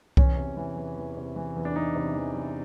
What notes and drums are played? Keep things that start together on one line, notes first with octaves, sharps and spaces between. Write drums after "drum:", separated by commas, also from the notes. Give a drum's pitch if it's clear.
E2 C#4, drum: kick C2
C3
E3
E2
E2
C3
E3
E2
D4
E2 D#4
C3
E3
E2